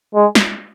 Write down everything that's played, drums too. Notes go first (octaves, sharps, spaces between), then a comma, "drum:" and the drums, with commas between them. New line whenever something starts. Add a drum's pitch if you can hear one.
G#3
drum: snare